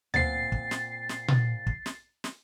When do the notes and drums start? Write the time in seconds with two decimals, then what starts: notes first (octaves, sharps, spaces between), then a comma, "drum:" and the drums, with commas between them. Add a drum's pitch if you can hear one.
0.14 A#2 C4 F#5 A6 C7, drum: tom D2
0.52 drum: kick
0.71 drum: snare
1.09 drum: snare
1.28 drum: tom A#2
1.67 drum: kick
1.86 drum: snare
2.24 drum: snare